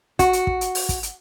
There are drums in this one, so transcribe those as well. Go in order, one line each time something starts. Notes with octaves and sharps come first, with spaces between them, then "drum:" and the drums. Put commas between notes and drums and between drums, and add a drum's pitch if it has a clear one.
F#4, drum: kick, hi-hat
drum: hi-hat
drum: kick
drum: hi-hat
drum: open hi-hat
drum: kick, hi-hat
drum: hi-hat